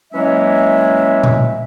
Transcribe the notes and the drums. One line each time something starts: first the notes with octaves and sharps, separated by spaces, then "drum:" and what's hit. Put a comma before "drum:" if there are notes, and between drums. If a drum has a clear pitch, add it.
E3 F#3 G#3 A#3 C#4 E5
drum: tom A#2